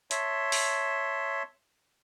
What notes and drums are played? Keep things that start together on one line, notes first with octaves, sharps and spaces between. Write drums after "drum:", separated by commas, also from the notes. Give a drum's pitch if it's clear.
C#5 E5 A5 C6, drum: hi-hat
drum: open hi-hat